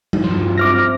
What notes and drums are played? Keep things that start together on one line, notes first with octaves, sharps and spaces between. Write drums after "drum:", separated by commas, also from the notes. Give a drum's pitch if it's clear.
drum: tom F#3
G2 F3
C4 C5 E5 D6 F6 A#6